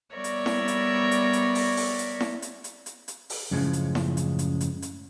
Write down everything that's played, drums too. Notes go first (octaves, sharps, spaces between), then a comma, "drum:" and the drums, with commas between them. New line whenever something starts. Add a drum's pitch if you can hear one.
G3 B3 A#4 C#5 D5 E5
drum: hi-hat
drum: snare E4
drum: hi-hat
drum: hi-hat
drum: hi-hat
drum: open hi-hat
drum: open hi-hat
drum: hi-hat
drum: snare E4
drum: hi-hat
drum: hi-hat
drum: hi-hat
drum: hi-hat
drum: open hi-hat
F#2 A2 C#3 F3 G#3
drum: hi-hat
drum: snare E4
drum: hi-hat
drum: hi-hat
drum: hi-hat
drum: hi-hat